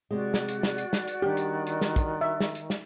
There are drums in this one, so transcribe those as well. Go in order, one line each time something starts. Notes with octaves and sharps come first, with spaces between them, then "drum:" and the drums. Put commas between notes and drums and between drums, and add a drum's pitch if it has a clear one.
C3 G#3 F#4 D5
drum: snare
drum: hi-hat
drum: snare
drum: hi-hat
drum: snare
drum: hi-hat
D#3 G3 D4 G4
drum: hi-hat
drum: hi-hat
drum: snare
drum: kick, hi-hat
D#5 E5
drum: snare
drum: hi-hat
drum: snare